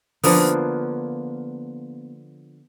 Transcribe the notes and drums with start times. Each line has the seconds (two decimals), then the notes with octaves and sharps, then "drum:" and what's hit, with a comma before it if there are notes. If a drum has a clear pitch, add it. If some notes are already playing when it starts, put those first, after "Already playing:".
0.23 D3 F3 A#3 B3, drum: open hi-hat